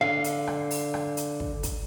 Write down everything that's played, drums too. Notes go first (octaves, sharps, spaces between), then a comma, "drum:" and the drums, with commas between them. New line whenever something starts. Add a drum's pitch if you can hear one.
D3 F5
drum: hi-hat
drum: rim click
drum: open hi-hat
drum: rim click
drum: hi-hat
drum: kick
drum: kick, hi-hat